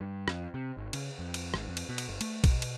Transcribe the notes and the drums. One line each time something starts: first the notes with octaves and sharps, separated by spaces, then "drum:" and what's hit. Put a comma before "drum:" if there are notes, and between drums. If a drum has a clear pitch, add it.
G2
F2, drum: rim click
C3
G#1
C#3, drum: cymbal
F2
drum: cymbal
G#1, drum: rim click
F2
drum: cymbal
B2
drum: cymbal
G1
A3, drum: cymbal
B2, drum: kick A#1, cymbal
drum: cymbal